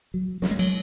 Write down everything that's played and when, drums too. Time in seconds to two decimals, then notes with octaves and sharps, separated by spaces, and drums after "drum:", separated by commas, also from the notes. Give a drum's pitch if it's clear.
0.14 F#3
0.42 F#3, drum: snare
0.51 G#3
0.59 F#3, drum: cymbal